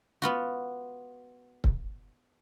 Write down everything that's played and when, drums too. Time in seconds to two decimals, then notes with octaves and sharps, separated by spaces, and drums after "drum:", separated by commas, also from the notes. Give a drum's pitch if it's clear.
0.22 B3 F4 F#4
1.64 drum: kick C#1